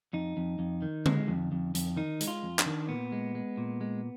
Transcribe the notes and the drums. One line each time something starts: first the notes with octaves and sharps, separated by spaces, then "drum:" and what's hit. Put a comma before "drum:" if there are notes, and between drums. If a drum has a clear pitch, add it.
F2 D#4
F2
F2
D#3
G#3, drum: tom D3
F2
F2
F2, drum: hi-hat
D#3 D#4
G#3, drum: hi-hat
F4
F2
D4, drum: clap
D#3
A#2 B3
G#3
G#3
A#2
G#3